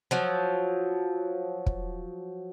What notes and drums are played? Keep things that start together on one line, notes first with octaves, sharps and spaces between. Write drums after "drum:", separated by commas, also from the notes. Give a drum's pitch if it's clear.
F3 F#3
drum: kick